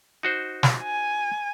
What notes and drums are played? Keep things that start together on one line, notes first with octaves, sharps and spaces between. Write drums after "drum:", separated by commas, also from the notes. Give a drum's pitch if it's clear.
D#4 F#4 C5
drum: snare
G#5